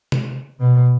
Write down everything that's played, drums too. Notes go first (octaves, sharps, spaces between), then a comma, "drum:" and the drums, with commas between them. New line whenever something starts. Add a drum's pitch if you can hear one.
drum: tom
B2